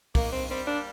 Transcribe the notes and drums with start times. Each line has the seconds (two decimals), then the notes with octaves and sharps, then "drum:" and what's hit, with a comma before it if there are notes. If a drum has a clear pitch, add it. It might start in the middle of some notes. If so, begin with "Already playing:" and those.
0.15 D#3 A#3, drum: kick, open hi-hat
0.33 G2 C4
0.50 G3 C4
0.67 A#3 D4